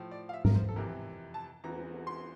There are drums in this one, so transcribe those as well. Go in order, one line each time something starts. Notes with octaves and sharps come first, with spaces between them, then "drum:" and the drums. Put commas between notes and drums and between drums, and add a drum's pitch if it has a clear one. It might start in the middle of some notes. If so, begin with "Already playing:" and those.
Already playing: A2 F3
D5
F5
E5
A#4, drum: tom G#2
C5
A4
F2 C3 E3 A#4
A5
E2 E3 A#5, drum: cymbal
C6